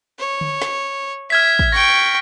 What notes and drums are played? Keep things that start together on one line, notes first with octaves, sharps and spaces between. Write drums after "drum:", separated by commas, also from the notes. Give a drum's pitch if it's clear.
C#5
drum: tom D3
drum: snare
E5 F6 G#6 B6
drum: kick
G5 C#6 A#6